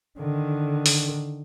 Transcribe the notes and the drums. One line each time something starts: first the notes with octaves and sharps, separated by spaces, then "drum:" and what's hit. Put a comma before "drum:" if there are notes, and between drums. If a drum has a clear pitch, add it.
D3 D#3
drum: open hi-hat